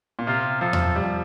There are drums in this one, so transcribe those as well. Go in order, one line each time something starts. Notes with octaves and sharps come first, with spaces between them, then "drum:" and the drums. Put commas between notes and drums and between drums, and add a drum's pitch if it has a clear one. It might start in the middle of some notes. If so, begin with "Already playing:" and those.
A#2
C3 F4
F3 A4
drum: tom E2
G3
F3